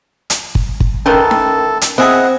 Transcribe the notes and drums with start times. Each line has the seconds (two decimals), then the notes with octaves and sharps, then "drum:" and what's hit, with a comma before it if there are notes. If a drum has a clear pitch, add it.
0.30 drum: hi-hat
0.55 drum: kick
0.80 drum: kick
1.06 D#3 E3 C#4 A4 A#4 G5
1.31 drum: snare D#4
1.81 drum: hi-hat
1.98 C4 E4 G#4 D#5 F#5